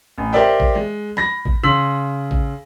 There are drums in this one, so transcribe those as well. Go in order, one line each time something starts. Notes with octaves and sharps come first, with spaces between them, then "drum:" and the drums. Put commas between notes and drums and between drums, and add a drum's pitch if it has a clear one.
A1
G4 A#4 C5 D5 E5 G5
drum: kick A1
G#3
B5 A#6, drum: snare
drum: kick A1
C#3 C6 E6 B6 F#7
drum: kick A1